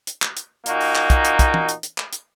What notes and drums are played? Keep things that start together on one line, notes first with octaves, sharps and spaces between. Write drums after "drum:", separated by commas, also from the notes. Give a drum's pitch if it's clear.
drum: hi-hat
drum: clap
drum: hi-hat
A#2 A#3 D#4 F#4, drum: hi-hat
drum: open hi-hat
drum: clap
drum: kick, hi-hat
drum: hi-hat
drum: kick, hi-hat
drum: tom
drum: hi-hat
drum: hi-hat
drum: clap
drum: hi-hat